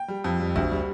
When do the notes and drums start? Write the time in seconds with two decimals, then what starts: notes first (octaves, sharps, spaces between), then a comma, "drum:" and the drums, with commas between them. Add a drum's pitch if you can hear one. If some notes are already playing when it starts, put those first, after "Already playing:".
Already playing: G5
0.08 G3
0.24 F2
0.40 G3
0.56 D2, drum: kick B1
0.71 G3